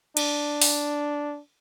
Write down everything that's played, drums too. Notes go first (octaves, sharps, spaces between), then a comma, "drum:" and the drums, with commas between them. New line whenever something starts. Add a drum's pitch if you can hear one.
D4, drum: cymbal
drum: open hi-hat